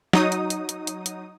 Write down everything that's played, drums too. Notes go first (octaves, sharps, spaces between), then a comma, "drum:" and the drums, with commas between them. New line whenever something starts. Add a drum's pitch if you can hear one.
F#3 D#4 D#6, drum: snare
drum: hi-hat
drum: hi-hat
drum: hi-hat
drum: hi-hat
drum: hi-hat